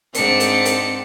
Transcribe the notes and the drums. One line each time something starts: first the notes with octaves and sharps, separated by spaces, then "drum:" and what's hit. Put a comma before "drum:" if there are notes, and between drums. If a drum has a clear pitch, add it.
G#2 C4 D4 C#7, drum: hi-hat
drum: hi-hat
drum: hi-hat